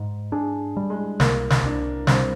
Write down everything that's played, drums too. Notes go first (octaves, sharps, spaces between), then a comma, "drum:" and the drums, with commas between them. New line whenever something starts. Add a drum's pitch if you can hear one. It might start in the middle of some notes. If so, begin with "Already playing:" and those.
Already playing: G#2
D4 G#4
G3
G#3
C2 A#3, drum: snare
drum: snare
C2 D4
G3 C4, drum: snare